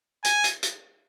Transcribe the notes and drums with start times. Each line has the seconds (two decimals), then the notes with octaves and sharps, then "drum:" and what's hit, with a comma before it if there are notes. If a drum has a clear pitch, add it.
0.24 G#5, drum: hi-hat
0.44 drum: hi-hat
0.63 drum: hi-hat